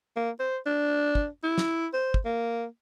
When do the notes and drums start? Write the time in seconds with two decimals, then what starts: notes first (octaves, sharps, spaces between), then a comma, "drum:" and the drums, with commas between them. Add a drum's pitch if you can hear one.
0.16 A#3
0.39 C5
0.66 D4
1.15 drum: kick
1.44 E4
1.58 drum: snare
1.94 C5
2.14 drum: kick
2.25 A#3